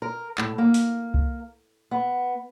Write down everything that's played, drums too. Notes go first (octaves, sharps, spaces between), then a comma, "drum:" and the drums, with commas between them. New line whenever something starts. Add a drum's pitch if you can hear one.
A#4
A2, drum: clap
A#3
drum: open hi-hat
drum: kick C2
B3